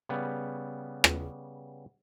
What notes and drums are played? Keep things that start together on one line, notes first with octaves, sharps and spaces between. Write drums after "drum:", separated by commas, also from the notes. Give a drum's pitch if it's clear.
C#3 G3 B3
drum: rim click